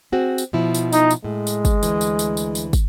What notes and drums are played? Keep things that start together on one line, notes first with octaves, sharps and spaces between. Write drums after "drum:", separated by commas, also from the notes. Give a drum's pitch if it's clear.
C4 F#4 G#4
drum: tambourine
B2 F3 E4
drum: tambourine
D#4, drum: tambourine
drum: tambourine
A2 G#3
drum: tambourine
drum: kick, tambourine
D2 E3, drum: tambourine
drum: tambourine
drum: tambourine
drum: tambourine
drum: tambourine
drum: kick, tambourine